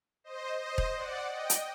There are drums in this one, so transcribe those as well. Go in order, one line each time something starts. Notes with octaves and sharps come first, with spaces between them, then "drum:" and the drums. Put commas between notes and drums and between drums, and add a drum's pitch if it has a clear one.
C5 D#5
C5 D#5
drum: kick E1
D5 F#5
D#5 G5
drum: hi-hat